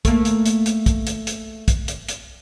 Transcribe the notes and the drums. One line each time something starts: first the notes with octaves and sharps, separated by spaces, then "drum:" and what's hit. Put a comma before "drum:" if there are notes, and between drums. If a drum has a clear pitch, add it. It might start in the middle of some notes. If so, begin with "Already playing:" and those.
A3 A#3, drum: kick, hi-hat
drum: hi-hat
drum: hi-hat
drum: hi-hat
drum: kick, hi-hat
drum: hi-hat
drum: hi-hat
drum: kick, hi-hat
drum: hi-hat
drum: hi-hat